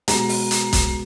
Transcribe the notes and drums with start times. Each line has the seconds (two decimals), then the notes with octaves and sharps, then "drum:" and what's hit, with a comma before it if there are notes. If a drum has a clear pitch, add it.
0.08 B2 G#3 A#5, drum: hi-hat
0.29 drum: open hi-hat
0.51 drum: hi-hat
0.73 drum: kick, hi-hat